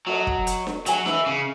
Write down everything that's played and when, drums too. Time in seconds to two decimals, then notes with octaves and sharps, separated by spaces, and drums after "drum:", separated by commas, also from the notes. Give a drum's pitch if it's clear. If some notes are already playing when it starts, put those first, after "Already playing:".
0.07 F#3 F#4 A4 D#5
0.27 drum: kick
0.47 drum: hi-hat
0.67 drum: snare D4
0.86 F#3 G#4 D#5 G#5, drum: hi-hat
1.06 E3, drum: snare D4
1.26 C#3